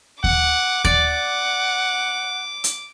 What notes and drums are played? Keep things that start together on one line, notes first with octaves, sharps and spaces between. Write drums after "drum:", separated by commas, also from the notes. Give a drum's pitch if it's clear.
F#5 D6, drum: kick D#2
D5 F#5, drum: kick D#2
drum: hi-hat